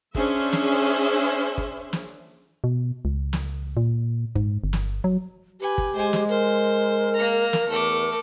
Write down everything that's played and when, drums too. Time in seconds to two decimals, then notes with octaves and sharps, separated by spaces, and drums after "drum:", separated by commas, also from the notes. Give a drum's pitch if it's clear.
0.15 C#4 D4 G#4 C5 E5, drum: kick
0.53 drum: snare
1.58 drum: kick
1.93 drum: snare
2.64 B2
3.05 C#2
3.33 drum: snare
3.77 A#2
4.36 G#2, drum: kick
4.64 G1
4.73 drum: snare
5.04 F#3
5.60 G4 B4 G#5
5.78 drum: kick
5.96 G#3 C5 G#5
6.13 drum: snare
6.29 A#4 C5
7.14 A#3 A#5
7.53 drum: snare
7.68 E2 A3 D6